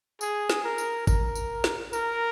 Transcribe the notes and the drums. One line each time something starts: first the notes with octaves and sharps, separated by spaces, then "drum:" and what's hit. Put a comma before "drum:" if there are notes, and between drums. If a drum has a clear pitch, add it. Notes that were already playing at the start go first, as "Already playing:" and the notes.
G#4, drum: tambourine
drum: snare
A#4
drum: tambourine
A#4, drum: kick, tambourine
drum: tambourine
drum: snare
A#4, drum: tambourine